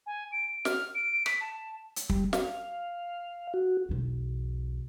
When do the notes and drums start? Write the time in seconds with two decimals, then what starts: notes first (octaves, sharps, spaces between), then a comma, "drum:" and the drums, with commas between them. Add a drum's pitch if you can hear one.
0.06 G#5
0.32 D7
0.65 F6, drum: snare
0.95 D7
1.26 B6, drum: rim click
1.41 A5
1.96 drum: hi-hat
2.09 G3, drum: kick
2.33 F5, drum: snare
3.54 F#4
3.89 B1 E2